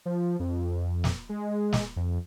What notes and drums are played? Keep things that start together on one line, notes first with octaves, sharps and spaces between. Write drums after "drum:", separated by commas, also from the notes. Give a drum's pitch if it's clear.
F3
F2
drum: snare
G#3
drum: snare
F2